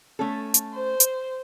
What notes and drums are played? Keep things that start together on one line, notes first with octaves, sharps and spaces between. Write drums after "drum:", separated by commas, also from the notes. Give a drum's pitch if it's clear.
A3 C#4 A4
drum: hi-hat
C5
drum: hi-hat